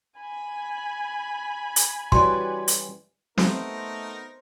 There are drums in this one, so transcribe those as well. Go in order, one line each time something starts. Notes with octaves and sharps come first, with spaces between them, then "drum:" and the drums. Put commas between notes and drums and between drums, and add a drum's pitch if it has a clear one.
G#5 B5
drum: hi-hat
E3 G3 C#4 F#4 B4 D5 C6, drum: kick
drum: hi-hat
A3 B3 D#4 A#4 C5, drum: snare